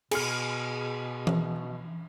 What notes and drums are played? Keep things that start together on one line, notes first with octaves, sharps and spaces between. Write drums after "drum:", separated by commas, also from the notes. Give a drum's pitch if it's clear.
B2 G#4 F6, drum: cymbal
drum: tom E3